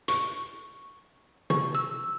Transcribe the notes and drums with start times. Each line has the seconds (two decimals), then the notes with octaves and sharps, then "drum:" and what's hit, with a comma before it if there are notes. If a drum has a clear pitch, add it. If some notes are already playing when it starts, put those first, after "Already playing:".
0.08 C#6, drum: hi-hat
1.50 C#6, drum: tom
1.75 E6